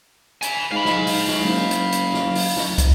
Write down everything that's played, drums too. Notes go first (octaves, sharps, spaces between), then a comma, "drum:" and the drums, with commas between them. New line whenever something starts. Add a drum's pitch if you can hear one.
G#5 B5, drum: hi-hat
G#2 F5 B5
drum: snare
drum: open hi-hat
drum: snare
F#1
drum: hi-hat
drum: hi-hat
drum: snare
drum: open hi-hat
drum: snare
drum: kick, hi-hat